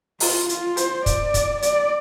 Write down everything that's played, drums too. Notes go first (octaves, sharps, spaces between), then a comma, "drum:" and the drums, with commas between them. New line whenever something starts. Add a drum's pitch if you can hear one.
F4, drum: open hi-hat
F4, drum: hi-hat
C5, drum: hi-hat
D5, drum: kick, hi-hat
drum: kick, hi-hat
D5, drum: hi-hat